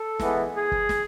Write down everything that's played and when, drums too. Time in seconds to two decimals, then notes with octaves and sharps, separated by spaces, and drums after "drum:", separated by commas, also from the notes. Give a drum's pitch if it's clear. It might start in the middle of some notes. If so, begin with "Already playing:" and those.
Already playing: A4
0.19 E3 G#3 B3, drum: snare
0.55 G#4
0.72 drum: kick
0.89 drum: snare